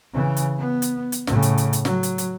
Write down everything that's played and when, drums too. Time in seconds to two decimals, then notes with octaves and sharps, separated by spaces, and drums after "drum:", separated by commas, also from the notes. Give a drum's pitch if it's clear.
0.13 C#3 E3
0.37 drum: hi-hat
0.58 B3
0.82 drum: hi-hat
1.12 drum: hi-hat
1.27 A2 C#3, drum: snare
1.42 drum: hi-hat
1.58 drum: hi-hat
1.73 drum: hi-hat
1.85 F#3, drum: snare
2.03 drum: hi-hat
2.18 drum: hi-hat